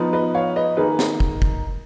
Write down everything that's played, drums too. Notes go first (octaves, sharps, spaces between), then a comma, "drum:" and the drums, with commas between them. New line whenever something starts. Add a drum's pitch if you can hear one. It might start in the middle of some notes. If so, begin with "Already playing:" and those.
Already playing: F3 B3 D#4
B4 D#5
C#5 F5
B4 D#5
D#3 A#3 D#4 G#4 B4
drum: snare
drum: kick
drum: kick